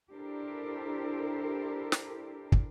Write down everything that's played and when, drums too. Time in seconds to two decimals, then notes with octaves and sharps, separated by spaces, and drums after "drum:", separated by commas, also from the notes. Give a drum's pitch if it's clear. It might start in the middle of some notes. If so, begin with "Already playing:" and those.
0.12 D4 E4 G4 A4 A#4 C5
1.92 drum: snare
2.52 drum: kick